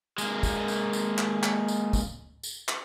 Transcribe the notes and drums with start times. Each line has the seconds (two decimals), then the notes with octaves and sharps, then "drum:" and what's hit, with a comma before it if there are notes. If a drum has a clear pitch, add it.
0.18 G#3 A#3, drum: tambourine
0.43 drum: kick, tambourine
0.68 drum: tambourine
0.93 drum: tambourine
1.18 drum: clap
1.43 drum: clap
1.68 drum: tambourine
1.93 drum: kick, tambourine
2.43 drum: tambourine
2.68 drum: clap